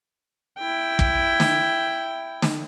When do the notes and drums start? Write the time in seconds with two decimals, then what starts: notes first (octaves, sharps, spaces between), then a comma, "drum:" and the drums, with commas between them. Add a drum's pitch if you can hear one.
0.58 E4 G5
0.99 drum: kick
1.40 drum: snare
2.42 drum: snare